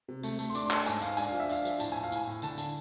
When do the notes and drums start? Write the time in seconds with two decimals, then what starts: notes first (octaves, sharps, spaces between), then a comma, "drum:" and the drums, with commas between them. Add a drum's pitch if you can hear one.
0.08 C3
0.23 A3, drum: tambourine
0.39 A3, drum: tambourine
0.50 C6
0.55 D4 D6, drum: tambourine
0.66 C6
0.71 A3 A5, drum: clap
0.86 G#2 G#5, drum: tambourine
1.02 G#2 F5, drum: tambourine
1.17 D4 G#5, drum: tambourine
1.28 F3 F5
1.40 E5
1.49 D4 F5, drum: tambourine
1.65 F3, drum: tambourine
1.80 A2 A5, drum: tambourine
1.92 A2 G#5
2.04 F5
2.12 A2 G#5, drum: tambourine
2.27 A2
2.42 D3 A5, drum: tambourine
2.58 D3, drum: tambourine